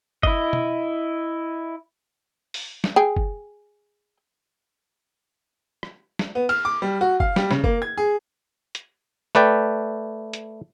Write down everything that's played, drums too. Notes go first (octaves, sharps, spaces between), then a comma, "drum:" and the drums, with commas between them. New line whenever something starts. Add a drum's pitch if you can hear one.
E4 D#5, drum: kick
drum: tom
drum: open hi-hat
drum: snare
G#4 G5
drum: kick
drum: rim click
drum: snare
B3
F6, drum: cymbal
D6
G3
F#4
F5, drum: kick
G3, drum: snare
C#3, drum: snare
A#3, drum: kick
G#6
G#4
drum: hi-hat
A3 B4 D5 G5
drum: hi-hat